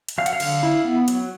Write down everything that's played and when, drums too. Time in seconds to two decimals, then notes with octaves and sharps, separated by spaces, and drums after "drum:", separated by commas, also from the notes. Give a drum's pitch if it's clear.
0.08 drum: hi-hat
0.18 F#3 F5
0.26 F#5, drum: hi-hat
0.33 F5
0.40 D3, drum: cymbal
0.63 E4
0.85 B3
1.08 F#3, drum: hi-hat